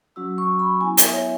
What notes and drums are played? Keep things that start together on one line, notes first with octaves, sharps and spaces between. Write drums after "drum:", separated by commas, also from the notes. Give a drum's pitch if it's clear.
F#3 C#4 F#4 E6
C#6
B5
B3 E4 G#5
E5, drum: hi-hat
C#5